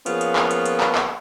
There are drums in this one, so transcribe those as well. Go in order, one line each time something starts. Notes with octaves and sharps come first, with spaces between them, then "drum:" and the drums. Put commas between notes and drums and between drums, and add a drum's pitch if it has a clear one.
F3 A#3 B3 C#4 F4 G#4, drum: hi-hat
drum: hi-hat
drum: clap
drum: hi-hat
drum: hi-hat
drum: clap
drum: clap